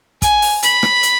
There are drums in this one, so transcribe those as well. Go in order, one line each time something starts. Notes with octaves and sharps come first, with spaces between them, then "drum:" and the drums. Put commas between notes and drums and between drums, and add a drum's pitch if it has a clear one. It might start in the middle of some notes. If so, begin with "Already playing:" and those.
G#5, drum: kick, hi-hat
drum: open hi-hat
B5, drum: hi-hat
drum: rim click
drum: hi-hat